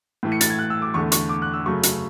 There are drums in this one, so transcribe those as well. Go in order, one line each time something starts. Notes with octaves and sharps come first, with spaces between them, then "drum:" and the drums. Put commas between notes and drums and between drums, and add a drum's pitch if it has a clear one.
A2 E3 A3
C#7
A6, drum: hi-hat
G#6
F#6
E6
D6
E2 D3 A3 C#6
C#6, drum: hi-hat
D6
F#6
E6
F#2 C#3 F#3 A3 C#6
drum: hi-hat